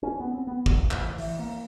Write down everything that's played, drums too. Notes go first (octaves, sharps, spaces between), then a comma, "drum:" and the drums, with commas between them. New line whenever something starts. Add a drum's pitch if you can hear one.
C#4
B3
C4
B3
E2, drum: kick
A1, drum: clap
E3, drum: open hi-hat
A#3